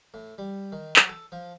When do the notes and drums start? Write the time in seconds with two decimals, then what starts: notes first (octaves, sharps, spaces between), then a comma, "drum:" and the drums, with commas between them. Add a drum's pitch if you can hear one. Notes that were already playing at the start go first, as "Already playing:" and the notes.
0.14 A2
0.38 G3
0.72 D#3
0.96 F#3, drum: clap
1.09 A4
1.32 F3